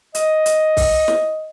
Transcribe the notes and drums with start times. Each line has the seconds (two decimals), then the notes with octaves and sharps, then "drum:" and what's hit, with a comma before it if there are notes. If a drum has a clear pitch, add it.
0.15 D#5, drum: hi-hat
0.46 drum: hi-hat
0.77 drum: kick C2, open hi-hat
1.08 drum: snare